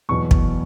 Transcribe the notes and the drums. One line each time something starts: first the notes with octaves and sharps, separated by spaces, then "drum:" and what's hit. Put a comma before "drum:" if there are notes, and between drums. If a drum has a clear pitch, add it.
E2 B2 F#3 C#6
drum: kick